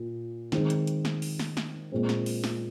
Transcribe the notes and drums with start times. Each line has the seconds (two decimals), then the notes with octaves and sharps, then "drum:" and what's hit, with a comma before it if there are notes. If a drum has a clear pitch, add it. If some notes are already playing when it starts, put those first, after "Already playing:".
Already playing: A#2
0.52 D#3 G#3 C4, drum: snare
0.70 drum: hi-hat
0.87 drum: hi-hat
1.05 drum: snare
1.22 drum: open hi-hat
1.39 drum: snare
1.57 drum: snare
1.92 A#2 G#3 C4
2.09 drum: snare
2.26 drum: open hi-hat
2.44 drum: snare